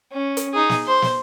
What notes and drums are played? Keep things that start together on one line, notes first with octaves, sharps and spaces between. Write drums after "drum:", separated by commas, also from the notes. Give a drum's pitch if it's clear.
C#4
drum: hi-hat
D#4 G#4
drum: snare
C5 C6
drum: snare